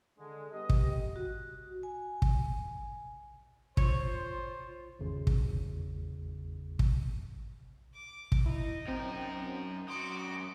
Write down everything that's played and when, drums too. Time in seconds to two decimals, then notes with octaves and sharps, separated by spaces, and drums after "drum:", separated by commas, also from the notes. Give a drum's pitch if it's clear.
0.19 D3 G#3
0.52 G3 B3 G4 D#5
0.69 drum: kick
1.16 F#4
1.83 G#5
2.22 drum: kick
3.77 F4 C5 C#5, drum: kick
4.99 G#1 E2 C#3
5.27 drum: kick
6.79 drum: kick
7.94 D6
8.32 drum: kick
8.46 D#4 E4
8.87 F#2 C4 A#4 G5
9.88 F#2 F#4 C6 D6 D#6 C#7